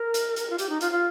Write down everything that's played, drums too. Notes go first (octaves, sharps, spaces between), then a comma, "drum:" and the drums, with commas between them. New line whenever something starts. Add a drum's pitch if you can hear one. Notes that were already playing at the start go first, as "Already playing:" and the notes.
Already playing: A#4
drum: hi-hat
drum: hi-hat
F4
G4, drum: hi-hat
D#4
F4, drum: hi-hat
F4